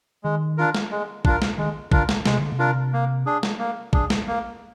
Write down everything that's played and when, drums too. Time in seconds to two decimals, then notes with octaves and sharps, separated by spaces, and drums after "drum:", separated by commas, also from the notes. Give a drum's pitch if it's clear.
0.24 D#3 G#3
0.58 D4 F4 A#4
0.74 drum: snare
0.91 G#3
1.25 D4 F4 A#4, drum: kick
1.42 drum: snare
1.58 D#3 G#3
1.92 D3 D4 F4 A#4, drum: kick
2.09 drum: snare
2.25 C3 G#3, drum: snare
2.39 D3
2.52 C3
2.59 D4 F4 A#4
2.93 A#3
3.26 D4 G#4
3.43 drum: snare
3.59 A#3
3.93 D4 G#4, drum: kick
4.10 drum: snare
4.27 A#3